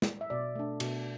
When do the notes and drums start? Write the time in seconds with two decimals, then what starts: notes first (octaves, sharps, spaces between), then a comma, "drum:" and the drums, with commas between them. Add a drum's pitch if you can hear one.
0.02 drum: snare
0.21 E5
0.30 B2 D5
0.55 A3 D4
0.80 B2, drum: cymbal